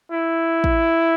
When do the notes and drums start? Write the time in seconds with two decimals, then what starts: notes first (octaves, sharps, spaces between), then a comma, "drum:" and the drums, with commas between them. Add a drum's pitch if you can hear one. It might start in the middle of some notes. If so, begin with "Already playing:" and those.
0.12 E4
0.64 drum: kick